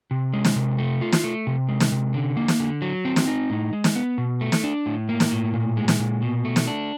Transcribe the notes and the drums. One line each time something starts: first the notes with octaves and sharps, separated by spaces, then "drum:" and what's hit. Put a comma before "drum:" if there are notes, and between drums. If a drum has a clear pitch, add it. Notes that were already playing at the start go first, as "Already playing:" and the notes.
C3
G#3
drum: snare
C3
A3
F4
drum: snare
A3
C3
G#3
drum: snare
C3
D3
A#3
drum: snare
D3
F#3
C4
drum: snare
D#4
A2
G#3
drum: snare
B3
B2
A3
drum: snare
D4
A2
A#3
drum: snare
A2
A#2
G#3
drum: snare
A#2
B2
A3
drum: snare
D4